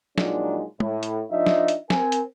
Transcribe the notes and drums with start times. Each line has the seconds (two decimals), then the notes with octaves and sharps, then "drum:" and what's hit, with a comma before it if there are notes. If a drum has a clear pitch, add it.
0.18 A#2 F3 F#3 G#3 D4 D#4, drum: snare
0.80 A2, drum: tom
1.03 drum: hi-hat
1.31 F3 D4 D#4 D#5 E5
1.46 drum: snare
1.68 drum: hi-hat
1.90 C4 A#4 G#5, drum: snare
2.12 drum: hi-hat